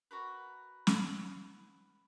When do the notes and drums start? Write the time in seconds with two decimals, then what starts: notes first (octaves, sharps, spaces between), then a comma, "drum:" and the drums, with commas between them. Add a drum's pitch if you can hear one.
0.11 F#4 A#4 B4
0.87 drum: snare